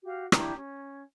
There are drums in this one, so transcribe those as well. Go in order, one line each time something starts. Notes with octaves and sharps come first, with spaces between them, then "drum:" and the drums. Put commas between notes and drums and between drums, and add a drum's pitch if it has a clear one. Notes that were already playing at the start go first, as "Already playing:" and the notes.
F#4 G4 F5
D4 E4 G4 A#5, drum: rim click
C#4